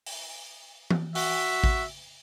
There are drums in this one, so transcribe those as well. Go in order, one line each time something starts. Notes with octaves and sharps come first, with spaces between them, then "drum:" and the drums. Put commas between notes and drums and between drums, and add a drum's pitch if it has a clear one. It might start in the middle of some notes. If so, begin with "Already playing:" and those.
drum: open hi-hat
drum: tom E3
F#4 E5, drum: open hi-hat
drum: kick A1